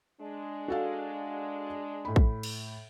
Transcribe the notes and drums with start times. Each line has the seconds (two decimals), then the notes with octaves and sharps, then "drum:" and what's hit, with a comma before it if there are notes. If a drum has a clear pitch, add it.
0.19 G#3 D4
0.68 F#4 A4 F5
2.05 A2 B5
2.16 drum: kick
2.43 drum: cymbal